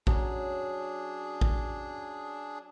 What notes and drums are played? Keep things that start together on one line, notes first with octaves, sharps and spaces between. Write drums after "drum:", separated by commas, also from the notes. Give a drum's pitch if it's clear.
F#3 C#4 D4 G#4, drum: kick
drum: kick